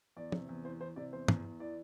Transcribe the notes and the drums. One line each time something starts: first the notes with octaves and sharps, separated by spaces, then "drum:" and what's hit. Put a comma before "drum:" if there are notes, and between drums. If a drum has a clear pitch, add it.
E2 D5
C3, drum: tom
E2
E3 C5
E3 C5
C3 D5
E2 C5
E2, drum: tom
E2
E3 D5